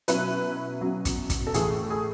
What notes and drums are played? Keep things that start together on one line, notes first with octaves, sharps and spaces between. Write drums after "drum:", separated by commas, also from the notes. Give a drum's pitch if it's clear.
B2 F#3 C#4 E4 B4, drum: hi-hat
B2 F#3 C#4
drum: kick, hi-hat
drum: kick, hi-hat
A4
A2 E3 A3 G#4, drum: hi-hat
G#4